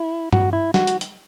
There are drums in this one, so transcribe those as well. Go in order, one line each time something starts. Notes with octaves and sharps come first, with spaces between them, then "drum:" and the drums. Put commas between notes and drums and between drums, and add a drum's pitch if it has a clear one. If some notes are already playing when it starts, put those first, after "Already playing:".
Already playing: E4
F#4, drum: tom G2
E4
F#4, drum: snare
drum: hi-hat
drum: hi-hat